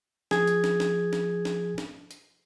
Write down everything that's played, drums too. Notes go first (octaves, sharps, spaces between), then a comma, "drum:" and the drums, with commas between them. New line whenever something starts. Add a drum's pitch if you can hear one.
F3 G#4 G#6, drum: snare
drum: hi-hat
drum: snare
drum: snare
drum: snare
drum: snare
drum: snare
drum: hi-hat